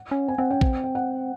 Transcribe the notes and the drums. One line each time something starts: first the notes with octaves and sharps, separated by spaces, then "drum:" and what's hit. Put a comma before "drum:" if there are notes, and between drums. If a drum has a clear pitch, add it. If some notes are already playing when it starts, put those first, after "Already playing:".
Already playing: F#5
C#4
C4 G#5
C4 F#5
C#4 G5
C4 G5, drum: kick A#1
G5
F#5